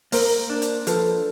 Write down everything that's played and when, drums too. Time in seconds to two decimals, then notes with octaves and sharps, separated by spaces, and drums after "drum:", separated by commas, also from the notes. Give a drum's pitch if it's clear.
0.12 A#3 A#4 C5, drum: open hi-hat
0.50 D4
0.62 drum: hi-hat
0.87 F3 A4 B4, drum: hi-hat